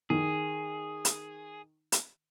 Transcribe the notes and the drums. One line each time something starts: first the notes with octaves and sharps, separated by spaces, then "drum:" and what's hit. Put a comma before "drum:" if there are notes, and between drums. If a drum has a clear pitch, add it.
D#3 G#4
drum: hi-hat
drum: hi-hat